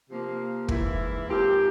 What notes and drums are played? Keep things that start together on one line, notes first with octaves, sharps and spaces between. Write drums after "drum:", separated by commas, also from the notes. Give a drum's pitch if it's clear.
C3 F3 A#3
G#2 E3 A#3 E4, drum: kick
G#2 F3 C4 G4 A#4